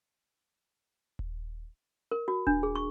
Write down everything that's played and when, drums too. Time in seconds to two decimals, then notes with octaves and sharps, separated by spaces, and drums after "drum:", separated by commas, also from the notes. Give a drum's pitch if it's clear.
1.19 drum: kick D#1
2.11 A#4
2.28 F#4
2.47 D4, drum: kick D#1
2.63 G#4
2.75 C#6